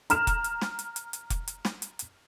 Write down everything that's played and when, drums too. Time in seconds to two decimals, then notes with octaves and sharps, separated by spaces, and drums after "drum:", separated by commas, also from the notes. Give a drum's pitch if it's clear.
0.10 A#5 F6 E7, drum: hi-hat
0.27 drum: kick, hi-hat
0.44 drum: hi-hat
0.61 drum: snare
0.79 drum: hi-hat
0.96 drum: hi-hat
1.13 drum: hi-hat
1.30 drum: kick, hi-hat
1.48 drum: hi-hat
1.65 drum: snare
1.82 drum: hi-hat
1.99 drum: hi-hat